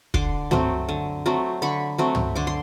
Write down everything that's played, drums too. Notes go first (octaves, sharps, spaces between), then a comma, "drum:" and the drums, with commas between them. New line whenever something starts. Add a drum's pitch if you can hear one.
D3 C6 D6, drum: kick
F#3 A3 C4, drum: tom
D3
F#3 A3 C4
D3 B5 C#6
F#3 A3 C4
drum: tom
D3 C6 D6
C6